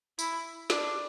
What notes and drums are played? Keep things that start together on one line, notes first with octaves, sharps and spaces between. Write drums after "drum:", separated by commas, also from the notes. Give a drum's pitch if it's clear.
E4, drum: tambourine
D4, drum: snare